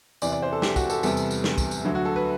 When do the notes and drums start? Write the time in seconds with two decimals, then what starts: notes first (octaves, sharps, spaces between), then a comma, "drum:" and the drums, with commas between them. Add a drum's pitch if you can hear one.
0.22 E2 C3 E3 D5, drum: tambourine
0.32 D5
0.42 C5
0.52 A4
0.62 G4, drum: snare
0.76 F#4, drum: kick, tambourine
0.90 A4, drum: tambourine
1.03 E2 C3 G3 B3 A4, drum: tambourine
1.17 drum: tambourine
1.31 drum: tambourine
1.44 drum: snare
1.58 drum: kick, tambourine
1.71 drum: tambourine
1.85 D2 D3 F#3
1.95 F#4
2.05 A4
2.16 B4